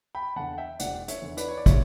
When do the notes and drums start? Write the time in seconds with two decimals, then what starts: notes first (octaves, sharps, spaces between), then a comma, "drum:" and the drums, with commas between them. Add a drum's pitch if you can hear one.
0.15 G5 B5
0.36 E2 D3 F#5 A5
0.53 F#5
0.58 E5 G5
0.79 E1 D5 F#5, drum: hi-hat
1.08 C#5 E5, drum: hi-hat
1.22 E2 D3
1.37 B4 D5, drum: hi-hat
1.48 C#5
1.58 D5
1.66 C#5 E5, drum: kick, hi-hat